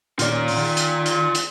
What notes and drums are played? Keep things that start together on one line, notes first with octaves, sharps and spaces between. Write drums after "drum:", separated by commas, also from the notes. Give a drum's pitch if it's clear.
A#2 D#3 C#4 F4 D5, drum: hi-hat
drum: open hi-hat
D#3
drum: hi-hat
drum: hi-hat
drum: hi-hat